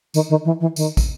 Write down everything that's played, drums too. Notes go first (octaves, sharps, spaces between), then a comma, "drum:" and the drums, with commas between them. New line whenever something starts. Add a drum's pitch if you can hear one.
D#3, drum: tambourine
D#3
E3
E3
D#3, drum: tambourine
drum: kick, tambourine